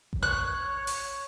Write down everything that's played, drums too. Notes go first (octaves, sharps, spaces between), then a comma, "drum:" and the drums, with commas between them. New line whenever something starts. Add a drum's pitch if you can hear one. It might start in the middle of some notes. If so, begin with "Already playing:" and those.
drum: kick A1
C#5 F#6
drum: open hi-hat